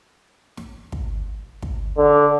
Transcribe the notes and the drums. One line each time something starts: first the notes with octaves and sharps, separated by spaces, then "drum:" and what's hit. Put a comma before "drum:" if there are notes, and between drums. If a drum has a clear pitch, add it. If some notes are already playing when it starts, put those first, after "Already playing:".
drum: snare
drum: kick
drum: kick
D3